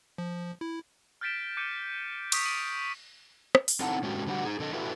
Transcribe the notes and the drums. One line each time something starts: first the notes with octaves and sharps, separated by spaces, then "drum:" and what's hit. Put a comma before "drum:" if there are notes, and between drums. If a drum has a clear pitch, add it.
F3
E4
F6 G6 A6 B6 D7 E7
D6 G6 C#7 D#7
C#6 D#6 B6, drum: cymbal
D#6 D7 D#7 F#7
drum: rim click
drum: open hi-hat
C4 D#4 E4 A4 F#5 A5
G#2 D3 G#3 C#4 F#4 G4
D3 G3 A3 F#4 G4
D#4 G#4
D3 A4 D#5
E4 F#4 G4 A4 B4 E5